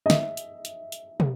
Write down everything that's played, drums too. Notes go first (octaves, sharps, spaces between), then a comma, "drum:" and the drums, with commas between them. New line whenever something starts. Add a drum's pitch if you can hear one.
D#5
E5, drum: snare
drum: hi-hat
drum: hi-hat
drum: hi-hat
drum: tom